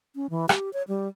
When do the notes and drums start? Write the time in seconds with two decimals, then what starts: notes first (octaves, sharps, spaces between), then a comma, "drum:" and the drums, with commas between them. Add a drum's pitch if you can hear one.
0.16 C#4
0.30 E3
0.49 G4, drum: rim click
0.73 C#5
0.88 G3